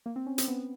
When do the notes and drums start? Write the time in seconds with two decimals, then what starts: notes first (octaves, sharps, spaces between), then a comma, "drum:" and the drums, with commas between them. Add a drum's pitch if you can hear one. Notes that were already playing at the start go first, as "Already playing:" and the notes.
0.06 A#3
0.16 C4
0.26 C#4
0.38 C4, drum: hi-hat
0.48 B3